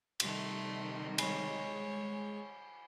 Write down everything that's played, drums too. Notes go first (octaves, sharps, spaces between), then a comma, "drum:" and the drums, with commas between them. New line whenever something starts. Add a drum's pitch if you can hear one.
C3 D#3 G3 A3 C6, drum: cymbal
G#3 C#5 G#5 B5 C7, drum: cymbal